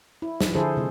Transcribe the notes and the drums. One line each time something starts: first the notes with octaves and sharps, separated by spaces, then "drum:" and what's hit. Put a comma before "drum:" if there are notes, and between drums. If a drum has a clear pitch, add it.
E4
F3, drum: snare
D3 E4 G#4 A4 C5
C3 G#3